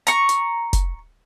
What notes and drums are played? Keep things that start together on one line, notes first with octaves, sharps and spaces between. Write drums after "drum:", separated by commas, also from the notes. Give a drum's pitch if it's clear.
A#5 C#6, drum: hi-hat
drum: hi-hat
drum: kick F1, hi-hat